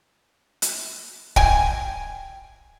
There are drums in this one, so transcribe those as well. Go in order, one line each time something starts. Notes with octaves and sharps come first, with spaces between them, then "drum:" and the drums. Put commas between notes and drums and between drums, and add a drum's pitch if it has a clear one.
drum: hi-hat
G5 G#5, drum: kick